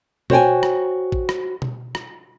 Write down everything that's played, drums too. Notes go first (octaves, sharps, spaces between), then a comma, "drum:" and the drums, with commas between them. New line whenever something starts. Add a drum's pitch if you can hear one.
F#4 C5 C#5 G5 G#5, drum: tom B2
drum: rim click
drum: kick A1
drum: rim click
drum: tom B2
drum: rim click